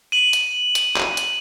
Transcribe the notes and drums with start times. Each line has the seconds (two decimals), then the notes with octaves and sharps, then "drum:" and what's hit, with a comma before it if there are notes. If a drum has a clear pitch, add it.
0.12 D#7 F#7
0.33 drum: hi-hat
0.75 drum: hi-hat
0.96 drum: clap
1.17 drum: hi-hat